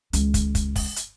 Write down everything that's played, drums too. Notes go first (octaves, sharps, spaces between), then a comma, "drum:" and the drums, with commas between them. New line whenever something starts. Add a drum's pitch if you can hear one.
C#2 D#3, drum: hi-hat
drum: kick, hi-hat
drum: kick, hi-hat
drum: kick, open hi-hat
drum: hi-hat